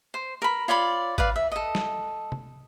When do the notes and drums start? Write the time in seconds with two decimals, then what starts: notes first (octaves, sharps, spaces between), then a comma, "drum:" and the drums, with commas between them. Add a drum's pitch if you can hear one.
0.14 C5
0.42 A#4 B5
0.68 F4 C#5 D5 B5
1.18 B4 D5 F5, drum: kick G#1
1.36 E5
1.52 A4 D#5
1.75 drum: snare
2.32 drum: tom C3